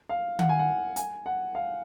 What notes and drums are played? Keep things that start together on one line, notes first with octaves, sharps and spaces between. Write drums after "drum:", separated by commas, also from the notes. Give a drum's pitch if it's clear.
F5
F#5, drum: tom D#3
G#5
F#5
G#5, drum: hi-hat
F#5
F5